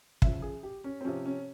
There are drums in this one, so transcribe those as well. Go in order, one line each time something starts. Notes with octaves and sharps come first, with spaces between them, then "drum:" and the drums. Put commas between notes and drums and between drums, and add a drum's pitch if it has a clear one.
C#3 F3 E5, drum: kick
G#4
G4
C#4
C4
C3 F3 C#4
C#4